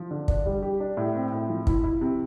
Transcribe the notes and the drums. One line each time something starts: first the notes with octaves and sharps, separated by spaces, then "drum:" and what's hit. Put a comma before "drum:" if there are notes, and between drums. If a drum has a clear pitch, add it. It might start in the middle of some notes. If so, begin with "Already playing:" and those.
Already playing: F3
D3
D4, drum: kick
G3
G4
D4
A2
C4
A2
F3
E4, drum: kick
E4
C3